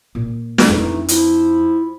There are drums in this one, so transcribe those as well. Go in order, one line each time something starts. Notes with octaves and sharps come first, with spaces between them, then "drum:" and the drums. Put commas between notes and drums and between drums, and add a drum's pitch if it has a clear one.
A#2
drum: snare
F2 E3 A3 D4 D#4
F3 E4, drum: hi-hat